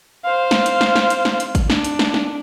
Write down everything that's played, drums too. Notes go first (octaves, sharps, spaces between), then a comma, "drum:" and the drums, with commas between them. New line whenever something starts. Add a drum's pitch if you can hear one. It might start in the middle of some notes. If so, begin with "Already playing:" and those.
C5 F5
drum: snare
drum: hi-hat
drum: snare
drum: snare
drum: hi-hat
drum: snare
drum: hi-hat
drum: kick G#1, hi-hat
D4, drum: snare
drum: hi-hat
drum: snare
drum: snare